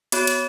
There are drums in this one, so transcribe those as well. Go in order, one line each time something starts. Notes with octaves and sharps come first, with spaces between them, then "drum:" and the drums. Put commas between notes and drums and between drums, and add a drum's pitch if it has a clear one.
B3 F#4 C#5, drum: hi-hat
drum: hi-hat